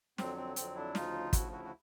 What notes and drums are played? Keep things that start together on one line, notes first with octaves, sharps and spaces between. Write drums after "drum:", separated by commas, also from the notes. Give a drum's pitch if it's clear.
F2 D3 F#3 C4, drum: snare
C4
F2 D3 F#3 C4, drum: hi-hat
D4 E4
D2 C#3 F3 D#4 F4, drum: snare
D2 C#3 F3 E4 F#4, drum: kick, hi-hat
E4 F#4
F#4